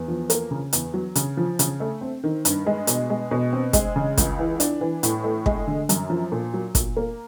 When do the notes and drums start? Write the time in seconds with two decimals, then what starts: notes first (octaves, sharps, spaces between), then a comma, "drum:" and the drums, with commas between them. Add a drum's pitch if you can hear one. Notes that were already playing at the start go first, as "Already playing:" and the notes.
Already playing: E2
0.08 F3
0.30 A#3, drum: hi-hat
0.51 C#3
0.73 E2, drum: hi-hat
0.94 F#3
1.15 C#3, drum: hi-hat
1.37 F3
1.59 C#3, drum: hi-hat
1.80 A3
2.01 C4
2.24 D#3
2.45 G2, drum: hi-hat
2.66 G#3
2.87 B2, drum: hi-hat
3.10 G#3
3.31 B2
3.53 C4
3.73 G#3, drum: kick, hi-hat
3.96 C#3
4.17 C#2, drum: kick, hi-hat
4.39 E3
4.60 D4, drum: hi-hat
4.81 E3
5.03 A2, drum: hi-hat
5.24 A3
5.46 G#3, drum: kick
5.67 D3
5.89 F#2, drum: hi-hat
6.10 F3
6.32 A#2
6.54 F#3
6.75 A#2, drum: kick, hi-hat
6.97 A#3